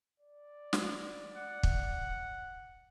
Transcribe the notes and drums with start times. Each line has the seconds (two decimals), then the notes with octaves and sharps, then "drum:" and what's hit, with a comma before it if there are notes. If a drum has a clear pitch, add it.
0.20 D5
0.73 drum: snare
1.36 F#5
1.63 drum: kick